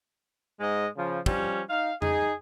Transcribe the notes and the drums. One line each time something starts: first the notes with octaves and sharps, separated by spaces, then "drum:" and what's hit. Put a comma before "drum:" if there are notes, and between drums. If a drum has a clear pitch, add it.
G#2 G#3 D#5
C#3 F3
F3 G3 C#4, drum: kick
D#4 F5
D#4 G#4, drum: tom F2